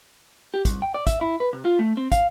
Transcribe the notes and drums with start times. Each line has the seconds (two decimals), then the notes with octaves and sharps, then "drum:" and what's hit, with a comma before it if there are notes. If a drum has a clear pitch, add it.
0.54 G4
0.65 C2, drum: kick, hi-hat
0.82 G5
0.94 D5
1.07 E5, drum: kick, hi-hat
1.21 E4
1.40 B4
1.53 C3
1.65 F4
1.79 A3
1.97 C4
2.12 F5, drum: kick, hi-hat